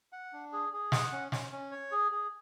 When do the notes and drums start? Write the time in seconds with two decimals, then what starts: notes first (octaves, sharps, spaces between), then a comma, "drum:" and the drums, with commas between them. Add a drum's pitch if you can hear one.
0.12 F#5
0.33 D4
0.53 G#4
0.73 G#4
0.92 F#5, drum: snare
1.12 C#4
1.32 C#4, drum: snare
1.52 C#4
1.71 C#5
1.92 G#4
2.12 G#4